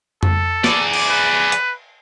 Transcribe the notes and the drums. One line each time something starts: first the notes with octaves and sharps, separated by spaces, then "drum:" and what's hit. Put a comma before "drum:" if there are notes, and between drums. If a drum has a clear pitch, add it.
A4, drum: tom F2
G#4 D5, drum: snare
drum: cymbal
B4
drum: hi-hat